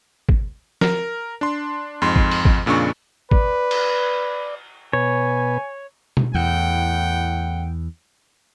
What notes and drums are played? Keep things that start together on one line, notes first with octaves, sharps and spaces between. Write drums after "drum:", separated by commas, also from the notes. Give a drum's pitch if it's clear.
drum: kick
A#4, drum: snare
D4 C6
F2 G#2 C6
drum: kick
drum: open hi-hat
drum: kick
F2 A#2 C#3 D4 C#6
B4 D5, drum: kick
drum: cymbal
B2 B4 C#5 G#5
drum: tom B2
E2 A2 F#5 G5